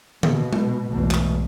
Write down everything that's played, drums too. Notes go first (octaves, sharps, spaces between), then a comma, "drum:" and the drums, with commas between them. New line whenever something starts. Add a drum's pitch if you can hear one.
B2, drum: tom D3
drum: tom G#3
B1 E2 G#2 B2 A3
drum: clap